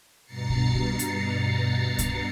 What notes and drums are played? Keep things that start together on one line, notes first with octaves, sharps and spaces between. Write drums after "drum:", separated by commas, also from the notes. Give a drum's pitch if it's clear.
G2 B2 A#5 A6 C7 C#7
drum: kick C2
drum: kick C2
drum: hi-hat
drum: kick C2, hi-hat